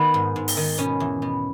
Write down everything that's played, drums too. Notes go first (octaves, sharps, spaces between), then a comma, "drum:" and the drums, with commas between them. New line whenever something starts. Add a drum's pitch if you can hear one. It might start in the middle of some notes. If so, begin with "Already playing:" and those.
Already playing: D#3 B3 D#4
G#2
G#2
drum: open hi-hat
D#3
B2 C#4
E2
B2